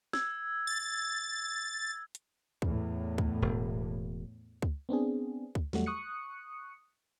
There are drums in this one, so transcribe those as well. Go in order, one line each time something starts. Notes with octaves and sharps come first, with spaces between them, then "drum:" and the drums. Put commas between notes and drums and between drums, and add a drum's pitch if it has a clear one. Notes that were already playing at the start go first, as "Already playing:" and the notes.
E6 G#6, drum: snare
A6
drum: hi-hat
E2 A2, drum: kick C#2
drum: kick C#2
E1
drum: kick C#2
B3 C4 D4 G#4
drum: kick C#2
E2 F#3 G3 A3 F#4, drum: snare
C#6 D#6 F#6 C#7